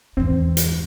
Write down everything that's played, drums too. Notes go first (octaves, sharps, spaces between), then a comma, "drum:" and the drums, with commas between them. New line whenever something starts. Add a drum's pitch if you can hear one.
E2 G#2 C4
drum: hi-hat